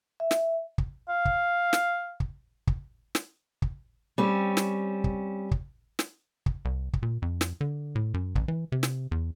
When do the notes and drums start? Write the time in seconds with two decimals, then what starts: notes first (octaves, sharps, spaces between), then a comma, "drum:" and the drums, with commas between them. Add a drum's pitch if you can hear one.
0.20 E5
0.31 drum: snare
0.78 drum: kick
1.09 F5
1.25 drum: kick
1.73 drum: snare
2.20 drum: kick
2.67 drum: kick
3.15 drum: snare
3.62 drum: kick
4.18 G3 C4 C#4
4.57 drum: snare
5.04 drum: kick
5.51 drum: kick
5.99 drum: snare
6.46 drum: kick
6.65 C2
6.93 drum: kick
7.03 A#2
7.22 F2
7.41 drum: snare
7.61 D3
7.95 A2
8.14 F#2
8.35 A1, drum: kick
8.48 E3
8.72 C3
8.83 drum: snare
9.11 E2